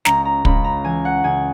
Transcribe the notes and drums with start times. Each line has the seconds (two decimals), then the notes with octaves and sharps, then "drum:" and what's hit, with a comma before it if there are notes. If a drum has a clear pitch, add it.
0.05 C#2 A#5, drum: snare
0.25 A#5
0.45 C#2 B5, drum: kick
0.64 A#5
0.85 E3 G#5
1.05 F#5
1.24 C#2 G#5